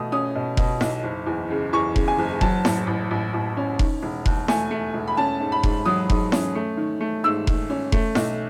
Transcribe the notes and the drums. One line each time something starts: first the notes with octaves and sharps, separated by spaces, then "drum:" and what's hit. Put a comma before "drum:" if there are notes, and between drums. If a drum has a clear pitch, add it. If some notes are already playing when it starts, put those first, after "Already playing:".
Already playing: B2 A3 D#6
C#4 D#6
B2
B2, drum: kick F1
B1, drum: snare E4
F#1
E2
C#3
E2 C#6
C#3, drum: kick F1
G#5
F#1
F#3 A5, drum: kick F1
A1, drum: snare E4
A1
A1
A1
C#4
D#3, drum: kick F1
E1
D#2, drum: kick F1
A3 G#5, drum: snare E4
A3
E1
B5
C#4 A5
G#2
B5
G#2, drum: kick F1
F#3 D#6
G#2, drum: kick F1
C#4, drum: snare E4
A3
D#3
A3
G#2 E6
D#3, drum: kick F1
C#4
A3, drum: kick F1
B1, drum: snare E4